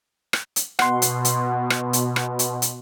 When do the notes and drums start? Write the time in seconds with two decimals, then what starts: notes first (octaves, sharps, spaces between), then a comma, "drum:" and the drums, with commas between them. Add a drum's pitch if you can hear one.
0.33 drum: rim click
0.56 drum: hi-hat
0.79 B2 F#5 C6, drum: rim click
1.02 drum: hi-hat
1.25 drum: hi-hat
1.70 drum: rim click
1.93 drum: hi-hat
2.16 drum: rim click
2.39 drum: hi-hat
2.62 drum: hi-hat